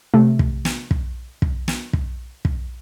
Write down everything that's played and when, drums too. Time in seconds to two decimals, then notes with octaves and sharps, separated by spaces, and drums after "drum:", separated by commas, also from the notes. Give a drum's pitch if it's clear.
0.14 C3 A3
0.39 drum: kick
0.65 drum: snare
0.91 drum: kick
1.42 drum: kick
1.68 drum: snare
1.93 drum: kick
2.45 drum: kick